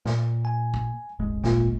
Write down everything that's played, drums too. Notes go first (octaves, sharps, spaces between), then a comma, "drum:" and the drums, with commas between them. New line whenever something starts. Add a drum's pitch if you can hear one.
A#2, drum: snare
G#5
drum: kick A1
D#1 G#1 G#3
A#2 A#3 F4, drum: snare